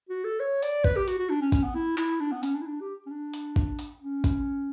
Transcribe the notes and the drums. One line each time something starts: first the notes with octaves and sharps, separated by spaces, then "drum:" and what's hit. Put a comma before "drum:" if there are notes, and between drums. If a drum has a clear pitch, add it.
F#4
A4
C#5
D5, drum: hi-hat
B4, drum: kick
G4
F#4, drum: hi-hat
F#4
D4
C#4
C#4, drum: kick, hi-hat
B3
E4
E4, drum: clap
D4
B3
C#4, drum: hi-hat
D4
E4
D4
G4
C#4
D4
drum: hi-hat
drum: kick
drum: hi-hat
C#4
drum: kick, hi-hat